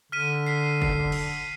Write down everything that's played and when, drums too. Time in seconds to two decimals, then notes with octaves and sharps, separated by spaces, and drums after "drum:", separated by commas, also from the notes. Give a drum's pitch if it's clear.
0.12 D3 F6 B6 D#7
0.47 F6 B6 C7
0.82 C7, drum: kick
1.12 drum: cymbal